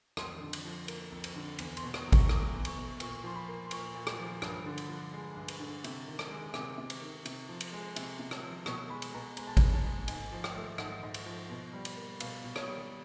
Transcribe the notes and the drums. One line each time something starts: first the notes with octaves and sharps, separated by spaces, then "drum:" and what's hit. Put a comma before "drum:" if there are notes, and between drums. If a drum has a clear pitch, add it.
F2 C6, drum: rim click
D3
drum: cymbal
F3
A#3, drum: cymbal
F2
drum: cymbal
D3
E2, drum: cymbal
C6, drum: cymbal
B2
C#6, drum: rim click
F#3
C#6, drum: kick G#1, cymbal
A3 D6, drum: rim click
E2
C#6, drum: cymbal
B2
A#2 C#6, drum: cymbal
F3 C6
B5
A#3
C6
A#2 C#6, drum: cymbal
A#2
drum: rim click
F3
G2, drum: rim click
D3
drum: cymbal
F3
G#3
G2
drum: cymbal
D3
C3, drum: cymbal
D#3
drum: rim click
G#3
C3 D6, drum: rim click
C3
drum: cymbal
D#3
C3, drum: cymbal
F3
drum: cymbal
G#3
C3, drum: cymbal
C3
drum: rim click
F3
B2 C#6, drum: rim click
G#3 B5
drum: cymbal
B2 A#5
G#3 A#5, drum: cymbal
A5
B2 A#5, drum: kick G#1, cymbal
A5
G#3
G#2 G#5, drum: cymbal
F3
G5, drum: rim click
A3
G#2 F#5, drum: rim click
G#2
drum: cymbal
F3
B2
G3
drum: cymbal
A#3
B2 F5, drum: cymbal
B2
C#5, drum: rim click
G3